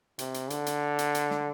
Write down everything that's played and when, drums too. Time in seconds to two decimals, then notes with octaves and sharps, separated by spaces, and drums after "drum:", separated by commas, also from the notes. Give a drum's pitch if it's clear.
0.19 C3, drum: hi-hat
0.34 drum: hi-hat
0.50 D3, drum: hi-hat
0.66 drum: hi-hat
0.99 drum: hi-hat
1.15 drum: hi-hat
1.31 drum: snare